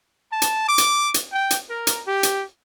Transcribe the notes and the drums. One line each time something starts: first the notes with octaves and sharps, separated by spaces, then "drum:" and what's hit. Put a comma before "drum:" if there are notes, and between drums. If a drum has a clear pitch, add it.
A5
drum: hi-hat
D6
drum: hi-hat
drum: hi-hat
G5
drum: hi-hat
A#4
drum: hi-hat
G4
drum: hi-hat